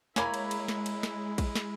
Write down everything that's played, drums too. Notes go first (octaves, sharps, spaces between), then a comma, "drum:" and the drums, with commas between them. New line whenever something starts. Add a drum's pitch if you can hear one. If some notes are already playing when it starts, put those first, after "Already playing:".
G#3 A#3 E4 C#5 G#5 A#5 B5, drum: snare
drum: cymbal
drum: cymbal
drum: snare
drum: cymbal
drum: snare
drum: kick, cymbal
drum: snare